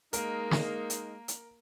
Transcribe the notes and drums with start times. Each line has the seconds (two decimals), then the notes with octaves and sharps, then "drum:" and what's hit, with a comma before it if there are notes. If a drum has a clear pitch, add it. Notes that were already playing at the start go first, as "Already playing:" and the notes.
0.13 G#3 A#3 D#4 A#4, drum: hi-hat
0.51 drum: snare
0.90 drum: hi-hat
1.28 drum: hi-hat